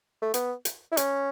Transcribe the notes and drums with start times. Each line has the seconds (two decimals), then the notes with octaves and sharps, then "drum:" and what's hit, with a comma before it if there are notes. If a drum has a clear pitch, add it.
0.22 A3
0.34 B3, drum: hi-hat
0.65 drum: hi-hat
0.92 E4
0.97 C#4, drum: hi-hat